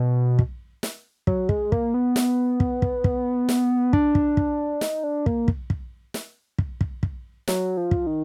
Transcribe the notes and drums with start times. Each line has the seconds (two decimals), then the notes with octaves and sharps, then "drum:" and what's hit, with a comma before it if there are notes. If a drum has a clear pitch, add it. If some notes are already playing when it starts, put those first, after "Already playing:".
Already playing: B2
0.39 drum: kick
0.83 drum: snare
1.27 F#3, drum: kick
1.49 G#3, drum: kick
1.72 A#3, drum: kick
1.94 B3
2.16 drum: snare
2.60 drum: kick
2.82 drum: kick
3.04 drum: kick
3.49 drum: snare
3.93 D4, drum: kick
4.15 drum: kick
4.37 drum: kick
4.81 D#4, drum: snare
5.04 D4
5.26 A#3, drum: kick
5.48 drum: kick
5.70 drum: kick
6.14 drum: snare
6.58 drum: kick
6.81 drum: kick
7.03 drum: kick
7.48 F#3, drum: snare
7.77 F3
7.91 drum: kick
8.07 D#3